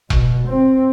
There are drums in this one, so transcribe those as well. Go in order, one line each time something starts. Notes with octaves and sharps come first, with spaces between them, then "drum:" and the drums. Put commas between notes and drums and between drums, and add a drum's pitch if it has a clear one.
B2, drum: kick E1
C4